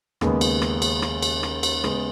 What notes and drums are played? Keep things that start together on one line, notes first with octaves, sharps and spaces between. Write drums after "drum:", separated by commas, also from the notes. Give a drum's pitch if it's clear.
D#2 C#3 G#3 B3, drum: rim click
drum: cymbal
drum: rim click
drum: cymbal
drum: rim click
drum: cymbal
drum: rim click
drum: cymbal
C#3 G#3 B3, drum: rim click